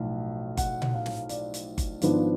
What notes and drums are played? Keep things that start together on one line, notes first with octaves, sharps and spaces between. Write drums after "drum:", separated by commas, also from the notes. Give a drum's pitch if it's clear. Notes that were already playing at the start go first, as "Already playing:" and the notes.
Already playing: B1 A2 F3
F#5, drum: kick G1, hi-hat
drum: tom A#2
F5
drum: snare
D5, drum: hi-hat
drum: hi-hat
drum: kick G1, hi-hat
G#1 G#2 F3 B3 D4, drum: hi-hat